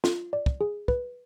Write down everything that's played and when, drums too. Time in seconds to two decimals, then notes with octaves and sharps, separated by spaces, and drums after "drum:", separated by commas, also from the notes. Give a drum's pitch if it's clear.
0.04 F4, drum: snare
0.33 D5
0.46 drum: kick
0.61 G#4
0.88 B4, drum: kick